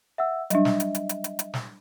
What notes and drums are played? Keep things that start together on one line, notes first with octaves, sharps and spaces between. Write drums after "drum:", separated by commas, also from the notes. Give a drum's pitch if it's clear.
E5 F#5 E6
F#3 G3 D4 D#5 E5, drum: hi-hat
drum: snare
drum: hi-hat
drum: hi-hat
drum: hi-hat
drum: hi-hat
drum: hi-hat
drum: snare